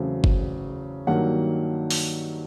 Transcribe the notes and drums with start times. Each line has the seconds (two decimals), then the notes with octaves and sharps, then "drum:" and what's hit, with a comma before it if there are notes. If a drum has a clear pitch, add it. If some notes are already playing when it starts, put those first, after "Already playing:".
Already playing: E2 C#3 F#3 A3 C4
0.24 drum: kick
1.07 G2 D#3 F#3 A#3 F#5
1.90 drum: open hi-hat